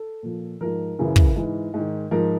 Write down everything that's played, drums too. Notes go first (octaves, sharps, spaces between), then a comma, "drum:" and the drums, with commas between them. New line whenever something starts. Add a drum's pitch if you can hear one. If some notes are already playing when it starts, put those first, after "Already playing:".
Already playing: A4
A#2 F3
G#2 F3 A#4
F#2 C#3 E3
drum: kick
G#2 E3
G#2 D#3
G#2 F3 A#4